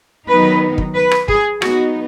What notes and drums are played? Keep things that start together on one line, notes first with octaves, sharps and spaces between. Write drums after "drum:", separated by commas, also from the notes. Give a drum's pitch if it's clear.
D#3 F#3 B3 D#4 B4
drum: kick
B4
drum: rim click
G#4, drum: kick
F#3 B3 D#4 F#4, drum: rim click